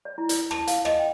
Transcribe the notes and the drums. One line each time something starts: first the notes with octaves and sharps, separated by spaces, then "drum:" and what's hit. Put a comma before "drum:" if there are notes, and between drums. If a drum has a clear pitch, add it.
D5
E4
D5, drum: hi-hat
A5, drum: rim click
F5, drum: hi-hat
D#5, drum: rim click
G5